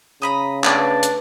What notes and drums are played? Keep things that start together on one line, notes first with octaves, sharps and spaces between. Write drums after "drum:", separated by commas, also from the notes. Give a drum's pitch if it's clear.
C#3 A#5 B5 D#6
A3 D4 B4 D5, drum: clap
drum: hi-hat